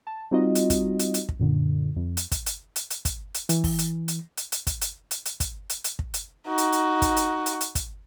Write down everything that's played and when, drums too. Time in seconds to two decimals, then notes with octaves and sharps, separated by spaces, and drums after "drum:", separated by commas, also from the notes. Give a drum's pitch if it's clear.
0.07 A5
0.31 G3 C4 D#4 F4 F#4 D#5
0.55 drum: hi-hat
0.70 drum: kick, hi-hat
0.99 drum: hi-hat
1.14 drum: hi-hat
1.29 drum: kick
1.39 F#2 A#2 D3
1.96 F2
2.17 drum: hi-hat
2.32 drum: kick, hi-hat
2.46 drum: hi-hat
2.76 drum: hi-hat
2.90 drum: hi-hat
3.05 drum: kick, hi-hat
3.34 drum: hi-hat
3.49 E3, drum: hi-hat
3.64 drum: kick, open hi-hat
3.78 drum: hi-hat
4.08 drum: hi-hat
4.37 drum: hi-hat
4.52 drum: hi-hat
4.67 drum: kick, hi-hat
4.81 drum: hi-hat
5.11 drum: hi-hat
5.25 drum: hi-hat
5.40 drum: kick, hi-hat
5.70 drum: hi-hat
5.84 drum: hi-hat
5.99 drum: kick
6.14 drum: hi-hat
6.48 D#4 F#4
6.58 drum: hi-hat
6.72 drum: hi-hat
7.02 drum: kick, hi-hat
7.16 drum: hi-hat
7.46 drum: hi-hat
7.61 drum: hi-hat
7.75 drum: kick, hi-hat